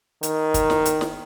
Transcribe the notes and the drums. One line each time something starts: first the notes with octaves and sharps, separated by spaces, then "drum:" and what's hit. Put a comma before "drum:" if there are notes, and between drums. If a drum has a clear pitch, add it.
D#3, drum: hi-hat
drum: kick, hi-hat
drum: snare
drum: hi-hat
drum: snare